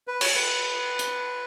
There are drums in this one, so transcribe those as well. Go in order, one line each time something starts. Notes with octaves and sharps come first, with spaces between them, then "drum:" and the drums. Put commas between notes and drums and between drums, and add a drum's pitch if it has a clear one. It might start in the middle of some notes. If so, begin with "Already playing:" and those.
B4
C#5, drum: cymbal
B4
drum: hi-hat